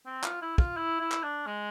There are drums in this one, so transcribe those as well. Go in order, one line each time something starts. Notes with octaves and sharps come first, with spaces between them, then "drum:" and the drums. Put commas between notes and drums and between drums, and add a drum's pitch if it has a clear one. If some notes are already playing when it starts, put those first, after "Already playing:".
C4
F4, drum: clap
E4
F4, drum: kick
E4
E4
drum: clap
D4
G#3